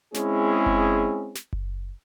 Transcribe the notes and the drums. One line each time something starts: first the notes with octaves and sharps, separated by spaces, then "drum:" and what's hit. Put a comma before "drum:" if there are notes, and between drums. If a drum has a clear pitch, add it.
G#3 C4 C#4 E4 G#4, drum: snare
drum: kick F#1
drum: snare
drum: kick F#1